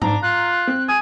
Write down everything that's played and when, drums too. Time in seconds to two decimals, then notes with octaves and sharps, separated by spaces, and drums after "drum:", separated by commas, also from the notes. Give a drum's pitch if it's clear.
0.02 G#2 D4 A#5, drum: tom G#2
0.23 F4 F#6
0.67 C4
0.89 G#5 D#6